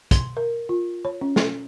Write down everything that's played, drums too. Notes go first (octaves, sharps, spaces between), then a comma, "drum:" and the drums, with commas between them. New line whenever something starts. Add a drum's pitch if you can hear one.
C6, drum: kick, hi-hat
A#4
F4
C#5
C#4
drum: snare